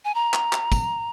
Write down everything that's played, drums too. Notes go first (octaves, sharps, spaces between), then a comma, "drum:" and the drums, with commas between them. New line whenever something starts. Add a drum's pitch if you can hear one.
G#5
A#5
drum: clap
drum: clap
drum: kick, tambourine